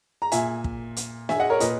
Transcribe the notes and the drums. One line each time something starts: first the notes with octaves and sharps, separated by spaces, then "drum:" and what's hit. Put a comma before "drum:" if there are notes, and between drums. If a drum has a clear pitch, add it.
A#5
A#2 E5 G#5, drum: hi-hat
drum: kick
drum: hi-hat
E5 G#5, drum: snare
D#5 F#5
A#4 C#5
A#2 B4 D#5, drum: hi-hat